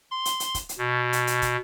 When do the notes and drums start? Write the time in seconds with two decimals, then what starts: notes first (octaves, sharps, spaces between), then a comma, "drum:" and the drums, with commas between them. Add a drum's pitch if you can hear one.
0.11 C6
0.25 drum: hi-hat
0.40 drum: hi-hat
0.55 drum: kick, hi-hat
0.69 drum: hi-hat
0.78 B2
1.13 drum: hi-hat
1.27 drum: hi-hat
1.42 drum: kick, hi-hat